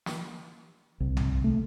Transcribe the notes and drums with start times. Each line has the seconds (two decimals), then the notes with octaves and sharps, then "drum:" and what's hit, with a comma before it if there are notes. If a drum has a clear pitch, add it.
0.06 drum: snare
1.00 C2
1.17 drum: tom B1
1.44 A3